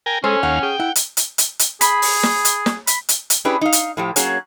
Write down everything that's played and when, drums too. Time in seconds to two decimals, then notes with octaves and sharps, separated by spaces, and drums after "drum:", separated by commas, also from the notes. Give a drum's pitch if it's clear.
0.06 A#4 G5 G#5
0.24 G#3 C#4 A4 C5
0.43 D#2 C#5 F5 F#5
0.63 G#4 G5
0.80 E4 F#5
0.95 drum: hi-hat
1.17 drum: hi-hat
1.38 drum: hi-hat
1.59 drum: hi-hat
1.81 G#4 B5, drum: hi-hat
2.02 drum: open hi-hat
2.23 drum: snare
2.45 drum: hi-hat
2.66 drum: snare
2.87 B5, drum: hi-hat
3.09 drum: hi-hat
3.30 drum: hi-hat
3.45 C#4 D4 E4 G4 G#4 B4
3.61 D#4 F5
3.72 drum: hi-hat
3.97 A2 F3 G4
4.16 F#3 A#3 C#4 G#4 C#5, drum: hi-hat